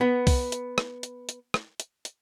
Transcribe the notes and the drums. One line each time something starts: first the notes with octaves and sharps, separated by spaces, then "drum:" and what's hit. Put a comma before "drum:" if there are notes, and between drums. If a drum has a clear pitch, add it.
B3
drum: kick, open hi-hat
drum: hi-hat
drum: rim click
drum: hi-hat
drum: hi-hat
drum: rim click
drum: hi-hat
drum: hi-hat